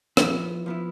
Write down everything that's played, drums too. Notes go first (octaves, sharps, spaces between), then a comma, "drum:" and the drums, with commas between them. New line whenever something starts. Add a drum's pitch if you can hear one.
F3 B3 E4, drum: rim click
F3 B3 E4